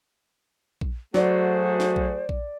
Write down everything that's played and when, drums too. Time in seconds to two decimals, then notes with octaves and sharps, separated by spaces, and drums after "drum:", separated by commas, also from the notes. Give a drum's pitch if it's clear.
0.81 drum: kick A#1
1.14 F#3 A3 F#4 G#4 C5 D5, drum: snare
1.80 drum: snare
1.96 drum: kick A#1
2.29 drum: kick A#1